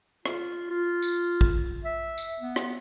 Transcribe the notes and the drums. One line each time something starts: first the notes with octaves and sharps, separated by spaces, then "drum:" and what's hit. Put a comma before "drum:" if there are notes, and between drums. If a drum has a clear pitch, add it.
F4, drum: rim click
F4
drum: tambourine
drum: kick
E5
drum: tambourine
B3
drum: rim click